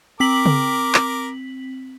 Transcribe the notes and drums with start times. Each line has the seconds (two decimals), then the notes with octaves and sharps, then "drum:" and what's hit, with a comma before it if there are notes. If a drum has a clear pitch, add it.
0.20 C4 A#4 D6 B6 F#7
0.46 drum: tom C#3
0.94 drum: clap